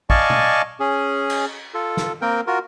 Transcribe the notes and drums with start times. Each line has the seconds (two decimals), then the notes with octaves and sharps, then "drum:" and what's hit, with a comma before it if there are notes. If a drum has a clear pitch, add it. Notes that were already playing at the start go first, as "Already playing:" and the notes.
0.10 D5 D#5 F5 G#5 A5 C#6, drum: kick
0.30 drum: tom B2
0.80 C#4 G#4
1.30 drum: cymbal
1.74 F4 A4
1.97 drum: snare
2.22 A#3 C4 A#4 G5
2.47 F4 F#4 A#4